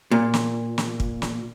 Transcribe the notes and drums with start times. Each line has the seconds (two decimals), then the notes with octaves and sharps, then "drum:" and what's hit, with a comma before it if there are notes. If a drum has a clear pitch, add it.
0.11 A#2
0.34 drum: snare
0.78 drum: snare
1.00 drum: kick
1.22 drum: snare